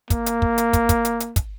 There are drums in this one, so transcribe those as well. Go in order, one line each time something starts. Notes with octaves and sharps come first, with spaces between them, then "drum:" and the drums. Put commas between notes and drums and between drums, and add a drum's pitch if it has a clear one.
A#3, drum: kick, hi-hat
drum: hi-hat
drum: kick
drum: hi-hat
drum: kick, hi-hat
drum: kick, hi-hat
drum: hi-hat
drum: hi-hat
drum: kick, hi-hat